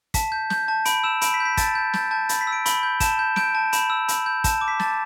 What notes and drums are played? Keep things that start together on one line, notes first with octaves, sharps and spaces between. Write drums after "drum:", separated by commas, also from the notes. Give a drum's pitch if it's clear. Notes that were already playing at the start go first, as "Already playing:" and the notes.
A5 B6, drum: kick, hi-hat
G6
G6, drum: snare
A5
B5 D7, drum: hi-hat
E6 E7
B5 D7, drum: hi-hat
B6
G6
B6
A5 A6, drum: kick, hi-hat
G6
G6 A6, drum: snare
A5 G6
B5 A6, drum: hi-hat
B6
E6
D7
B5 G7, drum: hi-hat
G6
A5 E7, drum: kick, hi-hat
G6
G6 D7, drum: snare
A5
B5 E7, drum: hi-hat
E6
B5, drum: hi-hat
G6
A5 E7, drum: kick, hi-hat
D6
B6
A5 A6, drum: snare